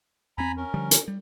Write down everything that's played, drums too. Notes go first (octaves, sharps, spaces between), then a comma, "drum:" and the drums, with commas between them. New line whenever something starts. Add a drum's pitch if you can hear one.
E2 C4 G#5 A#5 B5
C#4 A#4
D3 F3 G3
drum: hi-hat
G3